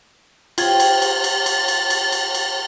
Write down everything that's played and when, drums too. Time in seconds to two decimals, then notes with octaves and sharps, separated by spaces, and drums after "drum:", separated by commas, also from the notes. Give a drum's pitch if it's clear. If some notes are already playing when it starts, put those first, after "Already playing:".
0.58 F4 G4 C5 G#6 A6, drum: cymbal
0.80 drum: cymbal
1.02 drum: cymbal
1.24 drum: cymbal
1.46 drum: cymbal
1.68 drum: cymbal
1.90 drum: cymbal
2.12 drum: cymbal
2.35 drum: cymbal